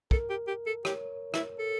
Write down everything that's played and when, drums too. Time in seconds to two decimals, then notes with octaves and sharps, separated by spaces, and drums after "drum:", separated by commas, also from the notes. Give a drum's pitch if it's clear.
0.11 A4 A#4, drum: kick
0.30 G4
0.47 G4
0.67 A4
0.85 G4 C#5, drum: rim click
1.34 E4, drum: rim click
1.59 A4